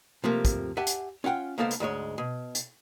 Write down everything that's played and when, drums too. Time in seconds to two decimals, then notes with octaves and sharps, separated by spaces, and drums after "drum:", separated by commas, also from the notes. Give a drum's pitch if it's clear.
0.24 C3 F3 A3 A#3
0.45 drum: kick, hi-hat
0.77 G4 E5 F#5 G#5 A5
0.87 drum: hi-hat
1.24 C#4 F4 F#5 G5
1.58 C#2 A#3 B3 A4 C5 F5
1.71 drum: hi-hat
1.80 D2 G#2 G#3 C#5
2.18 B2
2.55 drum: hi-hat